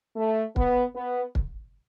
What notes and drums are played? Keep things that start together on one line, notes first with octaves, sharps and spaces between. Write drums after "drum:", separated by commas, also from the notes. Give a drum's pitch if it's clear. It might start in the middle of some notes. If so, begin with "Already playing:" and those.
A3
B3, drum: kick
B3
drum: kick